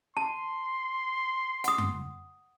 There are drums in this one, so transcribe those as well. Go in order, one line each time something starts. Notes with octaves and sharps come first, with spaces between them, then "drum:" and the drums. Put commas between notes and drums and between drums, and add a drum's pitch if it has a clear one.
A5 C6
F#5 D#6, drum: hi-hat
drum: tom F#2